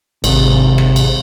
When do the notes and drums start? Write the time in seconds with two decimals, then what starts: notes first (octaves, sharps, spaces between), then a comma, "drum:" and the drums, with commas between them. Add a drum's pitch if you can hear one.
0.24 G#1 C3, drum: cymbal
0.78 drum: rim click
0.96 drum: cymbal